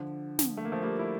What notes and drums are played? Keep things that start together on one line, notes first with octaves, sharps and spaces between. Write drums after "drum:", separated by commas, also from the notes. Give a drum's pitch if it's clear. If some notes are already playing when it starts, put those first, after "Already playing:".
Already playing: D3 F3
drum: snare
A3
A#3
F3 A3
G3 A#3
E4